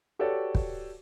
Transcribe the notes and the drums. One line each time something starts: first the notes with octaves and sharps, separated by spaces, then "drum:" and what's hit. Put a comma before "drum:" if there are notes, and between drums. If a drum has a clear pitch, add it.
F#4 G4 A4 B4 C#5 D5
drum: kick